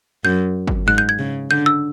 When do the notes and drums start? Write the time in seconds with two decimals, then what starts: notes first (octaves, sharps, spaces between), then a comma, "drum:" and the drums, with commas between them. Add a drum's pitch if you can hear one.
0.25 F#2 G6
0.67 drum: kick
0.87 G#2 F#6
0.98 G6
1.09 G#6
1.19 C#3
1.51 D3 G6
1.66 E6